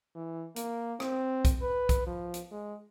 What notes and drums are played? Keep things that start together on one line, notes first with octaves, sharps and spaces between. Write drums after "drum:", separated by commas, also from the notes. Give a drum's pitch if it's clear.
E3
A#3, drum: hi-hat
C4, drum: rim click
drum: kick B1, hi-hat
B4
drum: kick B1, hi-hat
F3
drum: hi-hat
G#3